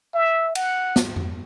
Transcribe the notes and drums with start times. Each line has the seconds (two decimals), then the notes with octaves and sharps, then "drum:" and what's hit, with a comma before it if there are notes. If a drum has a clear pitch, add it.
0.15 E5
0.55 F#5, drum: cymbal
0.96 drum: snare
1.16 drum: tom F2